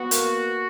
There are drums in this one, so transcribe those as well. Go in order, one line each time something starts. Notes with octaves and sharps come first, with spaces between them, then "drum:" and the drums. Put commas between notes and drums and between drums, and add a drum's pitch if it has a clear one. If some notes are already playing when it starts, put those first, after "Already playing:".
Already playing: B3 F#4
A#3, drum: hi-hat